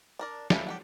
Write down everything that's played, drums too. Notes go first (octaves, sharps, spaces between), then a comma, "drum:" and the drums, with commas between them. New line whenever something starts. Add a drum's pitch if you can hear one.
D4 A#4 D5
F4 A4 E5 G#5 B5, drum: snare
G4 A4 F#5